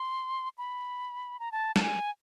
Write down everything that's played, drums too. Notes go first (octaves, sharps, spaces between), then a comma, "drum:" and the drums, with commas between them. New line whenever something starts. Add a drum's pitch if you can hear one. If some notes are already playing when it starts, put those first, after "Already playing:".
Already playing: C6
B5
A#5
A5
A5, drum: snare
G#5